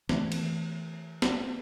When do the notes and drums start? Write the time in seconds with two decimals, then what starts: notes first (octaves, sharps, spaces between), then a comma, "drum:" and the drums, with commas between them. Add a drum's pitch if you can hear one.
0.09 E3 A3, drum: snare
0.32 drum: cymbal
1.22 drum: snare